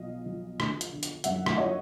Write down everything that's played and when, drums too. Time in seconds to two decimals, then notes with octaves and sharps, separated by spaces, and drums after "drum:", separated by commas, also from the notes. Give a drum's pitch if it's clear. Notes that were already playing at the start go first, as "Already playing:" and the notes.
Already playing: B1 F3 D#5 F5
0.26 F3
0.60 D3, drum: rim click
0.81 drum: hi-hat
0.92 D3
1.03 drum: hi-hat
1.24 F#2 E5 F#5, drum: hi-hat
1.46 drum: rim click
1.57 F3 C#5 D#5